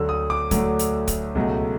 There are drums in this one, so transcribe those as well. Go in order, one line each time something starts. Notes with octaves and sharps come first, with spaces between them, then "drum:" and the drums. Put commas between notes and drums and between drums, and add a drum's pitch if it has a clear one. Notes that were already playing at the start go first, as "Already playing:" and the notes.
Already playing: D2 D3 F#3 A3 E6
D#6
D6
D2 D3 F#3 A3, drum: kick, hi-hat
drum: hi-hat
drum: kick, hi-hat
C#2 B2 F#3 A3